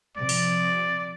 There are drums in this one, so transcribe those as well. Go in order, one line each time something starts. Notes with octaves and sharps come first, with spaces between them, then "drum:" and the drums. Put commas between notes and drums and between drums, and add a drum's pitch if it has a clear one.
C3 F3 D5
drum: open hi-hat